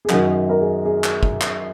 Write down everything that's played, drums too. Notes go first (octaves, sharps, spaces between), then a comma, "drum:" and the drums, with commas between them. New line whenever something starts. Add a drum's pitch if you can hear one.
G#4
F#2 D#3 F#4, drum: clap
A#4
G#4
G#4
drum: clap
drum: kick
drum: clap